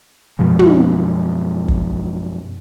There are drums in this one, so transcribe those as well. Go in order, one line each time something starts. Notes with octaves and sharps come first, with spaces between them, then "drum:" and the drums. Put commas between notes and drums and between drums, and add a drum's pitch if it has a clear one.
F#2 B2 F3 G#3
drum: tom
drum: kick